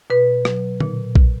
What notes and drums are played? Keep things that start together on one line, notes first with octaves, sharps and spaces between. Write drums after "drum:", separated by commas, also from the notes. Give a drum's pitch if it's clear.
B2 B4
F#3, drum: rim click
A#2, drum: tom D3
drum: kick